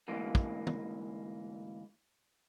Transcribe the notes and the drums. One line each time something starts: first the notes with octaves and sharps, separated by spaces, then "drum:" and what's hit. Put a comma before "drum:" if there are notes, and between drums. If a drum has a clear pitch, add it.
D2 G#2 E3 A#3
drum: kick
drum: tom